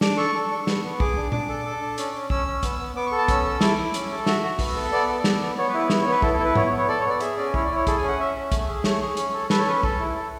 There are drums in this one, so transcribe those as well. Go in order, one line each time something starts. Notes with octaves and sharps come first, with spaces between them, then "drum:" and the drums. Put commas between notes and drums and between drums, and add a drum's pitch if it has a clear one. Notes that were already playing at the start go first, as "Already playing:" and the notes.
D4 D6, drum: snare
A4 C#6
A4
D4
B3, drum: snare
B3
G#4 D6, drum: kick
D4
D4 D6, drum: tom A#2
A4
A4
D4
C#4, drum: hi-hat
C#4
C#4 E6, drum: kick
C#4
B3, drum: kick, hi-hat
B3
B3 D6
C#6
A4
A5
C#4 E6, drum: kick, hi-hat
A4
E4 D6, drum: snare
E4
C#4, drum: hi-hat
A4
F#4 E5, drum: snare
F#4
B3, drum: kick, open hi-hat
A4
B3 D5
A4
B3, drum: snare
B3
B3 C#5
B4
E4
B4
B3, drum: snare
C#5
B3 B4
E4 A4, drum: kick
A4
E4
B4
B3 C#5, drum: tom G#2
C#5
B3
C#5
A4 D5
C#5
B3 D5
G#4 E5, drum: hi-hat
C#4 D5
E4 C#5, drum: kick
D5
E4 C#5
G#4 A4, drum: kick, hi-hat
G#5
C#4
F#5
C#4 E5
C#4
A3, drum: kick, hi-hat
G#4
A3 C#5, drum: snare
G#4
C#4, drum: hi-hat
A4
A4 B4, drum: snare
C#5
C#4 B4
A4, drum: kick
E4
A4